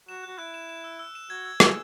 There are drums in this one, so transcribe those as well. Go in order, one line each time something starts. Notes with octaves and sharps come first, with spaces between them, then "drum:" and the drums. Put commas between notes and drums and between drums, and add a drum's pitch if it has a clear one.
F#4 E7
F#4 F#6
E4 F#6
E7
E7
E6
E6
E7
F#4 G#6
E6
G#4 E6, drum: rim click